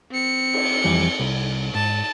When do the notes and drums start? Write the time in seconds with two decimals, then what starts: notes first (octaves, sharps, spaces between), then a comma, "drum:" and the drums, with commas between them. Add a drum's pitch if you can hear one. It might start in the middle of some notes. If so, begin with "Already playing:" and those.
0.11 C4 C#7
0.54 drum: cymbal
0.84 F2 E3 G3
1.20 C2
1.75 G#2 A5